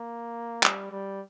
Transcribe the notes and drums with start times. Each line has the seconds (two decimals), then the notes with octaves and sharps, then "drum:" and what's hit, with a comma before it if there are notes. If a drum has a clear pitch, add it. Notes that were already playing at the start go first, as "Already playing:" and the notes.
Already playing: A#3
0.63 G3, drum: clap
0.92 G3